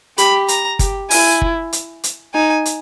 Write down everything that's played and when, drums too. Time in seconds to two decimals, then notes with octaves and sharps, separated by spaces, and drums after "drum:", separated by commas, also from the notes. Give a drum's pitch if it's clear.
0.18 G4 B5, drum: hi-hat
0.48 A#5, drum: hi-hat
0.79 G4, drum: kick, hi-hat
1.11 E4 G#5, drum: open hi-hat
1.42 drum: kick
1.73 drum: hi-hat
2.04 drum: hi-hat
2.34 D#4 G#5
2.66 drum: hi-hat